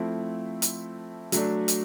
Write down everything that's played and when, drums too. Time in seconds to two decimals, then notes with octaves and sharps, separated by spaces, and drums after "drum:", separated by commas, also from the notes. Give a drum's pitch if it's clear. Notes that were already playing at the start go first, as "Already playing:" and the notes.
Already playing: F3 A3 C4 E4
0.62 drum: hi-hat
1.32 F#3 A3 D4, drum: hi-hat
1.68 drum: hi-hat